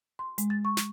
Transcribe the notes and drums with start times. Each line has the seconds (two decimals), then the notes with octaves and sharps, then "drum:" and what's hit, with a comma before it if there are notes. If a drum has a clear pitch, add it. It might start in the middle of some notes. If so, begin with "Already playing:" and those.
0.19 C6
0.38 G#3, drum: hi-hat
0.50 A6
0.65 C#6
0.77 drum: snare